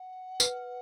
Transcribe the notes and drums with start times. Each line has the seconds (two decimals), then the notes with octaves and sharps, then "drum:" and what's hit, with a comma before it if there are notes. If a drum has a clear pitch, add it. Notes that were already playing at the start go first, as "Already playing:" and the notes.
Already playing: F#5
0.40 B4, drum: tambourine